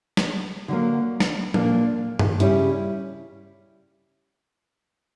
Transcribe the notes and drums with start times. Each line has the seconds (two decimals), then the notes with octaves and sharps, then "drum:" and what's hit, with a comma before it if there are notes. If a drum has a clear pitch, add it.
0.17 drum: snare
0.68 D3 F#3 A#3
1.20 drum: snare
1.54 A#2 A#3 D4, drum: tom F3
2.19 drum: tom G2
2.40 C#3 G3 C#4 E4, drum: hi-hat